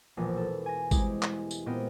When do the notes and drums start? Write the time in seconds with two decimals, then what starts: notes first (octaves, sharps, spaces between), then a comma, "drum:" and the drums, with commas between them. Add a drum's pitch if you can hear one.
0.17 E1 A#1 E3
0.37 A4
0.66 G#5 A#6
0.91 G#3 C4 E4 G4, drum: kick G#1, tambourine
1.22 drum: clap
1.51 drum: tambourine
1.66 A#2 B3 C4 D#5 G5 F6